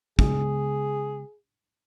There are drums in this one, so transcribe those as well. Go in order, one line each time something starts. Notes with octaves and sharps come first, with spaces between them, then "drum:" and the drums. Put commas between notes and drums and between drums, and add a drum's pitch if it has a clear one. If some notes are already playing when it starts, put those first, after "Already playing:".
C#3 G#3 B3 G#4, drum: kick